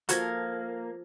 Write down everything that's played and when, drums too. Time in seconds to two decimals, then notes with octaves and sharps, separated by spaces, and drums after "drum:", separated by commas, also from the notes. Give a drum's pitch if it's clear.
0.09 F3 A#3 F#4 A4 F6 G#6 A#6, drum: hi-hat